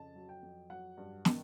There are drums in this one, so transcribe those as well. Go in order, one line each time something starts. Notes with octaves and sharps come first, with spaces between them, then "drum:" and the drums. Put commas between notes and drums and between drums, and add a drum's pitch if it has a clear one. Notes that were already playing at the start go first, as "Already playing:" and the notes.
Already playing: F2 C#3 A5
F#3
G5
F2
F#3 F#5
G2
D#3, drum: snare